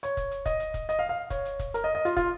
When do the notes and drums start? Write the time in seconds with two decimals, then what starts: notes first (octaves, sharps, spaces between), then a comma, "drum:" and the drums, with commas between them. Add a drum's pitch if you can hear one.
0.03 C#5, drum: hi-hat
0.17 drum: kick, hi-hat
0.31 drum: hi-hat
0.46 D#5, drum: kick, hi-hat
0.60 drum: hi-hat
0.74 drum: kick, hi-hat
0.89 D#5, drum: hi-hat
0.99 F5
1.09 F5
1.30 C#5, drum: kick, hi-hat
1.45 drum: hi-hat
1.59 drum: kick, hi-hat
1.74 A#4, drum: hi-hat
1.84 D#5
1.95 D#5
2.05 F4, drum: hi-hat
2.16 F4, drum: kick, hi-hat